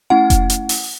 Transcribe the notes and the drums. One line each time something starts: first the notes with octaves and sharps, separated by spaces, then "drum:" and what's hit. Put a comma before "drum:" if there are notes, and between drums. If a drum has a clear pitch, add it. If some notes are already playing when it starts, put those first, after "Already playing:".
A3 C#4 E4 F#5
drum: kick F1, hi-hat
drum: hi-hat
drum: open hi-hat